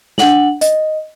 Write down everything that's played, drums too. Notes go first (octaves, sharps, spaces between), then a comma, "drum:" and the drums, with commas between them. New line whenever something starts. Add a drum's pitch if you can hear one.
D4 F#5 F#7, drum: snare
D#5, drum: hi-hat